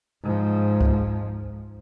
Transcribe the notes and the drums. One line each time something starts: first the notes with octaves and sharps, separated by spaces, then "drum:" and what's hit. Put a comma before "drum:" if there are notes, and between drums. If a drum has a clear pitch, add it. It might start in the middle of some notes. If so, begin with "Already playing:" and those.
G#2 F3
drum: kick C#2